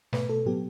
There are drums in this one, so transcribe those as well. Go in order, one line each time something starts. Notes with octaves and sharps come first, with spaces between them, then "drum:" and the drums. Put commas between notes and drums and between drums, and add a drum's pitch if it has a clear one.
B2 A3 B4, drum: snare
A4
A2 F#3 B3 G4